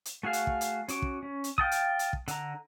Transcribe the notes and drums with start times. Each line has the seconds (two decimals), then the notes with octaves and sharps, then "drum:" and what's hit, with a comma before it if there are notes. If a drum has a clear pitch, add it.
0.05 drum: hi-hat
0.23 A3 F#4 G#4 F5
0.33 drum: hi-hat
0.47 drum: kick
0.61 drum: hi-hat
0.88 C#4 F#4 D6, drum: hi-hat
1.02 drum: kick
1.23 C#4
1.44 drum: hi-hat
1.58 F5 G5 A5 D#6, drum: kick
1.71 drum: hi-hat
1.99 drum: hi-hat
2.13 drum: kick
2.28 D3 A#5, drum: hi-hat